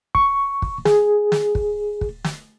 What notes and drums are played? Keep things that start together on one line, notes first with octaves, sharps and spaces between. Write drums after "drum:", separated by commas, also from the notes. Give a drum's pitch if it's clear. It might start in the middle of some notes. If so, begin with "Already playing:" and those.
C#6, drum: kick
drum: kick
G#4, drum: snare
drum: snare
drum: kick
drum: kick
drum: snare